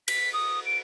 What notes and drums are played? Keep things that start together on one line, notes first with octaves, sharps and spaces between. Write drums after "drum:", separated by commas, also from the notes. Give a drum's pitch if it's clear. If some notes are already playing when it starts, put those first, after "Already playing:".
B6, drum: cymbal
D#6
D7